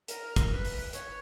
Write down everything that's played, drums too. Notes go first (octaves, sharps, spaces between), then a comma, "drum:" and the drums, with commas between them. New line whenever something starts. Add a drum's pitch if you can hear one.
A#4, drum: hi-hat
drum: kick, hi-hat
B4
drum: open hi-hat
C#5, drum: hi-hat